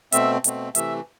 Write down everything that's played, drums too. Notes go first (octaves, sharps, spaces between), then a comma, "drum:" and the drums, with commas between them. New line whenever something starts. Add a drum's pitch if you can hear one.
B2 A3 C4 E5, drum: hi-hat
B2 A3 C4, drum: hi-hat
C3 E3 A3 E5, drum: hi-hat